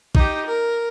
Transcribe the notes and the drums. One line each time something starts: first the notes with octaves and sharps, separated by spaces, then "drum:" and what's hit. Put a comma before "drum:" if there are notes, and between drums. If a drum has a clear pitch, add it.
D#4 G4, drum: kick
A#4